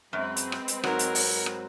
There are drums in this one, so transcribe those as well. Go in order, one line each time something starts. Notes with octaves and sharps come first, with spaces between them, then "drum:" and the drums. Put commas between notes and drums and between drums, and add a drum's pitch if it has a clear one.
F#2 G#3 C4 B4
drum: hi-hat
drum: rim click
drum: hi-hat
G#2 F#3 A#4, drum: rim click
drum: hi-hat
drum: open hi-hat
drum: rim click